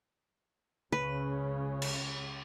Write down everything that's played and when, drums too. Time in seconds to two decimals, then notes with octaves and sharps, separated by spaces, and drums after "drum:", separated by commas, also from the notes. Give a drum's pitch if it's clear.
0.92 C#2 C#3 C#4 B4
1.82 drum: cymbal